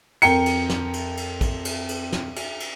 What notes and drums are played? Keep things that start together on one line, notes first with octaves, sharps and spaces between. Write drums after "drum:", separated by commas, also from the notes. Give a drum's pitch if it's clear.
F2 A#4 G5 C#7, drum: cymbal
drum: cymbal
drum: snare
drum: cymbal
drum: cymbal
drum: kick, cymbal
drum: cymbal
drum: cymbal
drum: snare
drum: cymbal
drum: cymbal